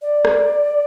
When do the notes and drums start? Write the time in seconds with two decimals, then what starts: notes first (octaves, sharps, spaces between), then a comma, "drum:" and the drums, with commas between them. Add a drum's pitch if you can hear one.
0.02 D5
0.25 drum: rim click